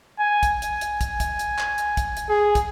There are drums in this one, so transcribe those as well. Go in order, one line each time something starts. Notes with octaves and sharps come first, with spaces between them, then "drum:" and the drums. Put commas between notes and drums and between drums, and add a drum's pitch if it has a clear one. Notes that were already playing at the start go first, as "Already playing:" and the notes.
G#5
drum: kick, hi-hat
G#5, drum: hi-hat
drum: hi-hat
drum: kick, hi-hat
drum: kick, hi-hat
drum: hi-hat
drum: clap
drum: hi-hat
drum: kick, hi-hat
drum: hi-hat
G#4
drum: kick, hi-hat